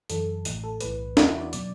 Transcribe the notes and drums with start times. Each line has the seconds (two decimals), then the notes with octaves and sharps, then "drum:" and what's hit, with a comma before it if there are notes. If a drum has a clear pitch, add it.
0.10 F#2 E3 A4, drum: hi-hat
0.45 A1 A2 E3, drum: hi-hat
0.64 A4
0.81 B1 A2 E3 B4, drum: hi-hat
1.17 E2 E3 F#4, drum: snare
1.29 E4
1.41 D5
1.53 B2 F#3 D5, drum: hi-hat